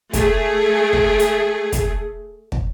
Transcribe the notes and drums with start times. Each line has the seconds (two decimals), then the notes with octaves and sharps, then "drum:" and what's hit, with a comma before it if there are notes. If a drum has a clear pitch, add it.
0.13 A3 G#4, drum: kick, hi-hat
0.93 drum: kick
1.19 drum: hi-hat
1.72 drum: kick, hi-hat
2.52 drum: kick